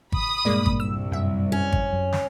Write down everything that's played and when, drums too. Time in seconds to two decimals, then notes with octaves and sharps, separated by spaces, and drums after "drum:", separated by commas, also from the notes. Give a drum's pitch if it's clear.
0.12 B5 D#6, drum: kick G#1
0.45 G2 A#2 G#3 A#3 D5
0.66 drum: kick G#1
0.80 C2 E6
1.12 F#2 E5
1.52 C#4
1.72 drum: kick G#1
1.93 F#2
2.12 drum: snare